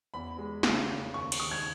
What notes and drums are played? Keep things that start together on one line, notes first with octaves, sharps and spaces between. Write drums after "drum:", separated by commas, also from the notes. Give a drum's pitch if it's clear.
E2 B5
G#3
C#3, drum: snare
C#3
D#2 C#6
C#6, drum: cymbal
D#3 D#6
G#6